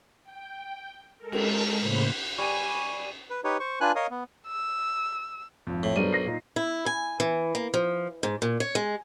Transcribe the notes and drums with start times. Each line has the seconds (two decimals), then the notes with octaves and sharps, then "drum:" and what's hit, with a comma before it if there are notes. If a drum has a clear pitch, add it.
0.23 G5
1.17 G#3 A4 A#4
1.32 drum: cymbal
1.80 A2 C#3 A#3 C5 B5 G6
2.38 G3 G#5 C#6 D#7
3.30 B4
3.44 D#4 G4 B4 C#5
3.60 C5 C#6
3.81 D4 F4 B4 G#5 F#6
3.96 A#4 C#5 D#5 F5 D#6
4.11 B3
4.47 E6
5.67 G#1 F2
5.83 A2
5.96 B1 G2 D4 A#4 C5 D#7
6.13 A#6 C7
6.26 A#2 D#4
6.56 E4
6.86 G#5
7.20 E3
7.55 A#3
7.74 F3
8.23 G#2
8.42 A#2
8.60 C#5
8.75 G#3